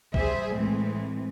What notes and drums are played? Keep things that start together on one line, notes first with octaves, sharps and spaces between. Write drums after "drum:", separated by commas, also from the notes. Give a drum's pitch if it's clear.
G3 G#4 C5 E5, drum: kick A#1
A2 E3 G#3 C4